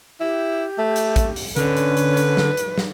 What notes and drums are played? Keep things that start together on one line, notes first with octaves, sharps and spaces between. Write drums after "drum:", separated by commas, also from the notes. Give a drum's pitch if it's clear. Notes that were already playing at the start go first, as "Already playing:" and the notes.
E4 G4
A3
drum: hi-hat
drum: kick, hi-hat
drum: open hi-hat
D3 C#4 B4, drum: hi-hat
drum: hi-hat
drum: hi-hat
drum: hi-hat
drum: snare
drum: hi-hat
drum: snare